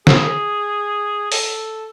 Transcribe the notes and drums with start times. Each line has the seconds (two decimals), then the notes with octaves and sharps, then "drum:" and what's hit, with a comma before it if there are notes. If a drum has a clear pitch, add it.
0.07 G#4, drum: snare
1.32 A4, drum: open hi-hat